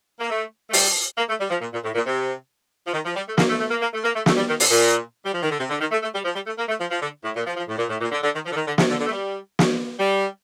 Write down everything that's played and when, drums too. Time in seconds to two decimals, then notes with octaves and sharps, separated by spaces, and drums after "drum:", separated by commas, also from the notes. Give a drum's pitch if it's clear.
0.20 A#3
0.29 A3
0.70 A3
0.73 G3, drum: open hi-hat
1.18 A#3
1.29 A3
1.39 G3
1.50 F3
1.61 A#2
1.73 A#2
1.84 A2
1.95 A#2
2.05 C3
2.86 F3
2.93 D#3
3.05 F3
3.16 G3
3.27 A3
3.38 A#3, drum: snare
3.49 A3
3.60 A3
3.71 A#3
3.81 A#3
3.93 A3
4.04 A#3
4.15 A3
4.26 A3, drum: snare
4.37 G3
4.48 D#3
4.60 D3, drum: open hi-hat
4.71 A#2
5.25 G3
5.34 F3
5.43 D#3
5.50 D3
5.58 C3
5.70 D3
5.80 D#3
5.91 A3
6.02 A3
6.14 G3
6.25 F3
6.35 G3
6.47 A3
6.58 A#3
6.69 A3
6.80 F3
6.91 F3
7.02 D3
7.24 A2
7.35 A#2
7.46 F3
7.57 F3
7.68 A2
7.78 A#2
7.89 A2
8.01 A#2
8.12 D3
8.23 D3
8.34 D#3
8.45 F3
8.51 D3
8.56 D#3
8.67 D3
8.78 C3, drum: snare
8.89 D3
9.00 D3
9.06 A3
9.11 G3
9.59 drum: snare
9.99 G3